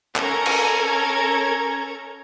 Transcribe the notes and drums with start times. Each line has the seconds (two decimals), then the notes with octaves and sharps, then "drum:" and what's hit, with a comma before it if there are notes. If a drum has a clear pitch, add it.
0.16 C#4 A4 A#4 A#5 G#6, drum: clap
0.46 drum: cymbal